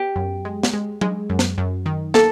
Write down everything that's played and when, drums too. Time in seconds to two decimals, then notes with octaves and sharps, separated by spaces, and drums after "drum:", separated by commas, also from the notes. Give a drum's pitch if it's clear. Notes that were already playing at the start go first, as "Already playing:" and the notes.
Already playing: B3 G4
0.16 F#2
0.45 G#3
0.63 drum: snare
0.74 G#3
1.01 G#3, drum: tom F#3
1.30 F#2
1.39 drum: snare
1.58 F#2
1.86 D#3
2.14 A#3 A4, drum: snare